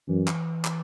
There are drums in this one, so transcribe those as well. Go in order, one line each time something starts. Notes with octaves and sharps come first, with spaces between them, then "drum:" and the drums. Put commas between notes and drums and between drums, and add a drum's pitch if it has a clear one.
F#2 E3
drum: clap
drum: clap